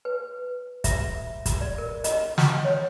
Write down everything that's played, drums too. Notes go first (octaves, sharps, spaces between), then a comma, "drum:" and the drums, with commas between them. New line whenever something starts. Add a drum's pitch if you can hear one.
B4
E5, drum: kick, hi-hat
drum: kick, hi-hat
D5
A#4
D#5, drum: hi-hat
drum: snare
C#5